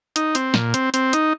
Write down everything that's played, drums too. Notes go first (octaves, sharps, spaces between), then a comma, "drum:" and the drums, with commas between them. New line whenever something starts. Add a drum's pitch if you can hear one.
D#4, drum: hi-hat
C4, drum: hi-hat
A#2, drum: snare
C4, drum: hi-hat
C4, drum: hi-hat
D#4, drum: hi-hat